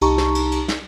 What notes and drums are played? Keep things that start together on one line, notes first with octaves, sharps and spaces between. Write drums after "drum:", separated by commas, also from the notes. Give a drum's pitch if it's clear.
C2 D#4 G4 A5 A#5 C#6, drum: cymbal
drum: snare
drum: cymbal
drum: cymbal
drum: snare